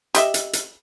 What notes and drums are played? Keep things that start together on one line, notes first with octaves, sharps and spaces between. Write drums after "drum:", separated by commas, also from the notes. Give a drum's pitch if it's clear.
G4 D#5 E5, drum: hi-hat
drum: hi-hat
drum: hi-hat